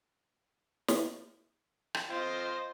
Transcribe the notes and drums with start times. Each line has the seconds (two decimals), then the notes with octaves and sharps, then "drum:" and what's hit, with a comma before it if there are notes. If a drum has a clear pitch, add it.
0.88 drum: snare
1.94 drum: rim click
2.10 F4 C5 D#5 G5